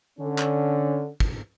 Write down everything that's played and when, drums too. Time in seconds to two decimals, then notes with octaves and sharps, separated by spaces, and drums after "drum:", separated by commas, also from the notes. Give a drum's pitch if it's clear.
0.19 D3 C#4
0.39 drum: clap
1.20 drum: kick